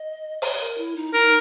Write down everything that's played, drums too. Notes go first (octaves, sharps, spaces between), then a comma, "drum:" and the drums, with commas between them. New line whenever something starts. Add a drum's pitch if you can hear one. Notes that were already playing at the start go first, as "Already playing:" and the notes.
Already playing: D#5
C#5, drum: open hi-hat
A#4
E4
D#4
D#4 A#4